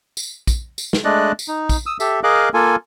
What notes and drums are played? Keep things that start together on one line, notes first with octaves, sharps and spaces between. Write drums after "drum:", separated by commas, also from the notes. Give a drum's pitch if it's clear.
drum: tambourine
drum: kick, tambourine
drum: tambourine
drum: snare
G#3 A3 D4 D5 D#5 F#6
drum: tambourine
D#4
drum: kick, tambourine
D#6 E6
G4 A4 E5, drum: tambourine
G#4 A#4 D#5 F5 D6 F#6
A#3 F4 A4 G#5